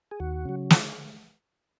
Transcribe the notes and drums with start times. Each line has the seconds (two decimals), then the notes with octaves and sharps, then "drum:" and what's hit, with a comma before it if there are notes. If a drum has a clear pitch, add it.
0.11 G#4
0.20 D#2 F#4
0.45 C#3 F#3
0.70 F4, drum: snare